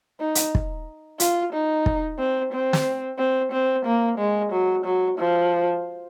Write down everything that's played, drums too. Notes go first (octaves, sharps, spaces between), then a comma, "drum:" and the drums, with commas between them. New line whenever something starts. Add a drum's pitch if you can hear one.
D#4
drum: hi-hat
drum: kick
F4, drum: hi-hat
D#4
drum: kick
C4
C4
drum: snare
C4
C4
A#3
G#3
F#3
F#3
F3